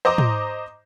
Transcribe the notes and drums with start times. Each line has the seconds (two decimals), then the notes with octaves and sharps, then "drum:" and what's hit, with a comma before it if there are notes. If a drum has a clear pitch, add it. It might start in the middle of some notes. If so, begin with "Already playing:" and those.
0.05 C5 D#5 A#5 D6
0.18 drum: tom